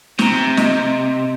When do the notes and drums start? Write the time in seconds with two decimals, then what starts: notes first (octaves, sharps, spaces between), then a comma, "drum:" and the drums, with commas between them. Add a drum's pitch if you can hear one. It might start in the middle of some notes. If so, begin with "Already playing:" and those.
0.19 C3 A#5 G7, drum: snare
0.57 D#5, drum: snare